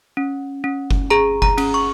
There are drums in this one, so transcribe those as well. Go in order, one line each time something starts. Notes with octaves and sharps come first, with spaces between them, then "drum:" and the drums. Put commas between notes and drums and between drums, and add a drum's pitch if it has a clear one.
C#4
C#4
drum: kick F#1
G#4 A#5
A#5, drum: kick F#1
C#4, drum: cymbal
C#6